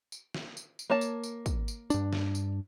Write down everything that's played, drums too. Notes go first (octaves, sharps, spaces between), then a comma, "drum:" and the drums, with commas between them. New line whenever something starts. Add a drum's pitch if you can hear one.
drum: tambourine
drum: snare
drum: tambourine
drum: tambourine
A#3 C#5 A5
drum: tambourine
drum: tambourine
drum: kick, tambourine
drum: tambourine
G2 D4, drum: tambourine
drum: snare
drum: tambourine